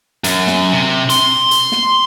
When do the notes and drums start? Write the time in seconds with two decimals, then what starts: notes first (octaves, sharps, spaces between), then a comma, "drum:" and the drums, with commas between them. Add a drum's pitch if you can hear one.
0.24 F#2, drum: hi-hat
0.47 drum: snare
0.72 C3
1.10 C6, drum: hi-hat
1.51 drum: hi-hat
1.72 drum: snare